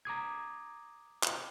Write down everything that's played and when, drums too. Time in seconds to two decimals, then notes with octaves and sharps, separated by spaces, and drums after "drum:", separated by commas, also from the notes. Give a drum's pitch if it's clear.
0.05 A#5 D6 D#6 G#6
1.23 drum: clap